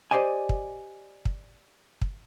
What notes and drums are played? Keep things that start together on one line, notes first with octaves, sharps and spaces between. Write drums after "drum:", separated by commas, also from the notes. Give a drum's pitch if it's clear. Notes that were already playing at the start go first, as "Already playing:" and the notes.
G4 C5 D5 D#5 G#5
drum: kick
drum: kick
drum: kick